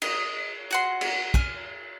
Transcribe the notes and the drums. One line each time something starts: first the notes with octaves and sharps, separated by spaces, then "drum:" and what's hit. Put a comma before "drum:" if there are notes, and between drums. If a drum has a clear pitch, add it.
D#5, drum: cymbal
F#4 F#5 C6
drum: cymbal
G#5 F6, drum: kick